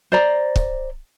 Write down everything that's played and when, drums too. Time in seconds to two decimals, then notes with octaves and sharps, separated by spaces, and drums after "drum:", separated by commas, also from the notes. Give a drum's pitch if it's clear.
0.12 C5 D5 A#5
0.56 drum: kick